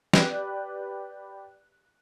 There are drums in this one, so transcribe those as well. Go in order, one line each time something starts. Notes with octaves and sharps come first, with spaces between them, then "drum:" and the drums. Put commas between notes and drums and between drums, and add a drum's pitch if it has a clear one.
G4 B4 D5 F#6, drum: snare